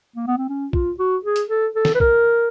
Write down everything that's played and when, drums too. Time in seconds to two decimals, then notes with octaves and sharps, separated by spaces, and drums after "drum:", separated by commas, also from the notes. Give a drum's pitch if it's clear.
0.16 A#3
0.27 B3
0.38 C4
0.49 C#4
0.73 F4, drum: kick
0.99 F#4
1.25 G#4
1.36 drum: hi-hat
1.50 A4
1.76 A4
1.85 drum: snare
1.95 B4
2.00 A#4, drum: kick